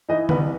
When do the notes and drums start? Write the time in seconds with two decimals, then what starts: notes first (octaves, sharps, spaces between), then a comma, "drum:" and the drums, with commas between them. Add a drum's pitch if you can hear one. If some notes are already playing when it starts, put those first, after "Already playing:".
0.09 E3 D#4 D#5
0.29 C2 B3 B4, drum: tom D3